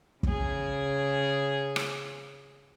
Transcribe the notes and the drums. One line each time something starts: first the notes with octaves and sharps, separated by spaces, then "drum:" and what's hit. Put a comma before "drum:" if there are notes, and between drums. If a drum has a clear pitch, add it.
C#3 G#4, drum: kick
drum: rim click